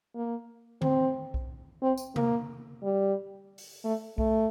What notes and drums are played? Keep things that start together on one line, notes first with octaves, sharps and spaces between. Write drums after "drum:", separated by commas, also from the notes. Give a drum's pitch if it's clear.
A#3
C4, drum: tom D3
drum: kick B1
C4
drum: tambourine
A#3, drum: tom C3
G3
drum: open hi-hat
A3
A3, drum: kick B1